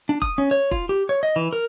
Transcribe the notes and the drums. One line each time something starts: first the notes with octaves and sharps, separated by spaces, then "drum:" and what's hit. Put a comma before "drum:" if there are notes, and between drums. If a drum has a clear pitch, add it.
D4
D#6, drum: kick E1
C#4
C#5
F4, drum: kick E1
G4
C#5
D#5
E3
A#4